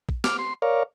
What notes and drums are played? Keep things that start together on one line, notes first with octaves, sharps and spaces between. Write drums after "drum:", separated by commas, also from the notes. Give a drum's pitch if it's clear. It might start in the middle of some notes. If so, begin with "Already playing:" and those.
drum: kick
D6 F6, drum: snare
C6
A#4 C#5 D5 F5